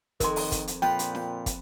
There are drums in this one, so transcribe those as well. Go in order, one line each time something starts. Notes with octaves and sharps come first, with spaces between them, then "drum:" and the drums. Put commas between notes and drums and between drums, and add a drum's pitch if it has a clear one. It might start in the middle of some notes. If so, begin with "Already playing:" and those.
F2 D#3 A#4 G#5 C6, drum: kick, hi-hat
drum: open hi-hat
drum: kick, hi-hat
drum: hi-hat
A#2 F3 F4 B4 G5, drum: snare
drum: hi-hat
drum: snare
drum: kick, hi-hat